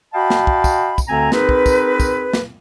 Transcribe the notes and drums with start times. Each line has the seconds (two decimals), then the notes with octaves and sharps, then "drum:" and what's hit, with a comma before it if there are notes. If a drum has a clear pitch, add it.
0.14 F#4 D#5 F5 G5 A5 B5
0.30 drum: snare
0.47 drum: kick
0.64 drum: kick, tambourine
0.98 drum: kick, tambourine
1.08 D2 D3 C4 G#5 A#5
1.32 C4 D#4 G#4 A#4 B4, drum: snare
1.49 drum: kick
1.66 drum: kick, tambourine
2.00 drum: kick, tambourine
2.33 drum: snare